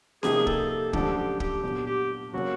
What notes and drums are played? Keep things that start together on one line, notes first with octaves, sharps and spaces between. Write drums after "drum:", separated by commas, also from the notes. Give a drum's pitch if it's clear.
C3 F3 A#3 D#4 G4 G#4, drum: snare C#4
A4, drum: kick
A4
F#2 D3 F3 A3 D4 G4, drum: kick
G4
G4, drum: kick
A#2 F#3 B3 D4 G4
G4
C#3 F#3 A#3 C#4 F#4